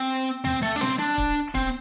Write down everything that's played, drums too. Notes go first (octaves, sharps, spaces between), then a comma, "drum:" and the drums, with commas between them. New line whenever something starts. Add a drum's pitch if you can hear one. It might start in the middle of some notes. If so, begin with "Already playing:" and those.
Already playing: C4
C4, drum: tom
A3
D4
C4, drum: snare
D4
drum: kick C#1
C4, drum: kick C#1